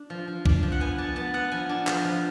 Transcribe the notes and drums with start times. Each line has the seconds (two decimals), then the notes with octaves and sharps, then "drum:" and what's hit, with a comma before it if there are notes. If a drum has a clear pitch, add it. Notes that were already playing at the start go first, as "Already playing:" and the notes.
Already playing: D4
0.10 F3
0.28 F3
0.46 D4, drum: kick B1
0.63 F3
0.72 F#5
0.80 B3 G#5
0.98 D4 A5
1.16 B3 A5
1.34 B3 F#5
1.52 F3 G#5
1.69 D4
1.87 F3, drum: clap
2.05 F3